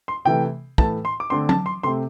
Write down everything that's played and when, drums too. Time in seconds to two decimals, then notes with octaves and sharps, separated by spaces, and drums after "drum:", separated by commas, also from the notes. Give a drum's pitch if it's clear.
0.08 C6
0.25 C3 E3 A3 G5
0.78 A2 E3 A3 A5, drum: kick
1.05 C6
1.20 D6
1.30 D3 A3 C4 C6
1.49 A5, drum: tom F#3
1.66 C6
1.83 C3 A3 C4 C6